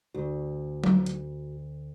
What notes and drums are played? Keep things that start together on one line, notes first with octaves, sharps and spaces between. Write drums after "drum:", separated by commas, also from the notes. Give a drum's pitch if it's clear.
D2 F#4
drum: tom F#3
drum: hi-hat